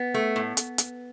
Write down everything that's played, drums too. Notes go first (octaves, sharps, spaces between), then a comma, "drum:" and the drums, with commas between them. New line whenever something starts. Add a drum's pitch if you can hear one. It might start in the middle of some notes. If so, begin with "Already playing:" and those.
Already playing: B3
A3
A2
drum: hi-hat
drum: hi-hat